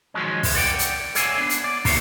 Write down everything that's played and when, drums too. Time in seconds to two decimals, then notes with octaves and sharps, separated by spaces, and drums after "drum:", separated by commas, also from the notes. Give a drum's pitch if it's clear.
0.14 D#3 F3 F#3 G#3 C#4
0.43 drum: kick, open hi-hat
0.55 D5 F#5 G5
0.79 drum: hi-hat
1.15 A4 C#5 D5 E5 F5 G#5, drum: hi-hat
1.38 B3 D4
1.50 drum: hi-hat
1.64 D5
1.85 A#3 D#4 E4 F#4 F5 A#5, drum: kick, open hi-hat